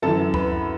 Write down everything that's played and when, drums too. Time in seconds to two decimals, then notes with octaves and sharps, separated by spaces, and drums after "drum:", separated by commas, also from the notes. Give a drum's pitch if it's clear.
0.02 F#2 E3 A4 A5
0.34 B4 B5, drum: kick